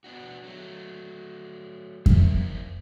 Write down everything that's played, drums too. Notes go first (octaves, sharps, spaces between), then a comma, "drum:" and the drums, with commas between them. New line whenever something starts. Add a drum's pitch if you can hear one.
B3 D4 F#4
F#3 A3
A#3 D#4 A#4 C5 E5, drum: kick F2